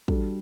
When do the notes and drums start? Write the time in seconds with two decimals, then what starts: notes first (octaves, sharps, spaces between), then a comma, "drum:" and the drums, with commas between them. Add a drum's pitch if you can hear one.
0.08 G3 D4 F#4 A4, drum: kick